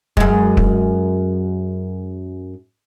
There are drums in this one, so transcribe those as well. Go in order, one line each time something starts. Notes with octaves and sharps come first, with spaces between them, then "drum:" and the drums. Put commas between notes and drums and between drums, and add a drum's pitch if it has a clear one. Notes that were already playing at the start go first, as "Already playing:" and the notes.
F#2 G#3, drum: kick
drum: kick